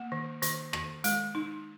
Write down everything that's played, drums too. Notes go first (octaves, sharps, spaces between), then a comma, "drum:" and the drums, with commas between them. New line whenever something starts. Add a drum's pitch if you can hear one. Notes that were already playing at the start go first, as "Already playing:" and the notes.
Already playing: A#3
D#3
D#3, drum: hi-hat
D#3, drum: rim click
G#3, drum: hi-hat
D#4